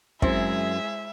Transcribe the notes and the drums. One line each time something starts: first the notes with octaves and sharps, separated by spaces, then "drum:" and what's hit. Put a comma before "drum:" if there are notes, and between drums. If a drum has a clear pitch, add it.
F#2 G#3 C4 E4 G#4 E5, drum: kick